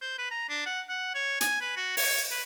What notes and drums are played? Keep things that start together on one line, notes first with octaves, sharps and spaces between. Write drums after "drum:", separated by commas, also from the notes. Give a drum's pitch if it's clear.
C5
B4
A#5
D4
F#5
F#5
C#5
G#5, drum: hi-hat
B4
F#4
C#5, drum: open hi-hat
B4